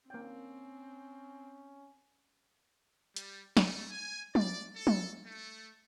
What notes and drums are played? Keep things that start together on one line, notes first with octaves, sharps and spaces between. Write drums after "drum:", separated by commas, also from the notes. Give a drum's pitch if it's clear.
A#3 C4 C#4 G5
G3, drum: hi-hat
A3, drum: snare
G#5
D5, drum: tom
A4
drum: tom
A3